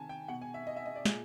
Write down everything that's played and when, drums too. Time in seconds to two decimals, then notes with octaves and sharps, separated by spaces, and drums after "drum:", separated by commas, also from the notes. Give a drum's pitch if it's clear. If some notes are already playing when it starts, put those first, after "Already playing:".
Already playing: C3 D#3 G#5 A5
0.09 G5
0.28 B2 F#5
0.41 G#5
0.54 E5
0.67 D#5
0.77 E5
0.86 D#5
0.95 D5
1.05 A#2 G#4, drum: snare